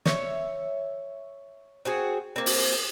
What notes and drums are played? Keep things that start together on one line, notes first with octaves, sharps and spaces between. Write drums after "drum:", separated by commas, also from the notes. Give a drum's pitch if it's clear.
C#5 E5, drum: snare
C4 F#4 G#4
A#3 C4
drum: open hi-hat